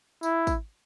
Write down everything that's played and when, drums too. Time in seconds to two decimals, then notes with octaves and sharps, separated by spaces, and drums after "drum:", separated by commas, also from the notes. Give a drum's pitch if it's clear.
0.23 E4, drum: tambourine
0.47 drum: kick, tambourine